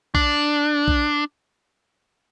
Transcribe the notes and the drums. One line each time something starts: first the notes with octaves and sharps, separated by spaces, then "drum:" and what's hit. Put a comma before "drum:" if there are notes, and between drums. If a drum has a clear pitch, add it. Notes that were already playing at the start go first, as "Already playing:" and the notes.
D4, drum: kick A#1
drum: kick A#1